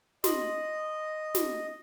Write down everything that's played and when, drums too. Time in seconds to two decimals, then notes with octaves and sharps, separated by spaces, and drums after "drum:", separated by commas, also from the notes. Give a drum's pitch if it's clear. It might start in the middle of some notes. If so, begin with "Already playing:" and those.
0.24 D#5 C6, drum: snare
1.35 drum: snare